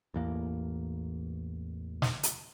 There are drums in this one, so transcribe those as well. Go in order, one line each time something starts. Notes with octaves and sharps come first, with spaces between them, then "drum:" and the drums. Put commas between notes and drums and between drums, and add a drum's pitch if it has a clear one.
A1 E2 A#3
drum: snare
drum: hi-hat